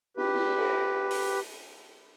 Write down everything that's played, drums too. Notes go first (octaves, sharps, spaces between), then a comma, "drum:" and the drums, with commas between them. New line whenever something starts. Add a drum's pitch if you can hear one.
G4 B4, drum: cymbal
drum: cymbal
drum: cymbal
drum: open hi-hat